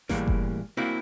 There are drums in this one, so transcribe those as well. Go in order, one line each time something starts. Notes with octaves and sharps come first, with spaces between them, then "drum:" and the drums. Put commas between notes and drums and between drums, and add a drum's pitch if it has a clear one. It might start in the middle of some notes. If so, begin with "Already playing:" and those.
A2 E3 G3 G#3 A#3, drum: snare G#1
drum: kick F#1
A#3 C4 D4 E4 F#4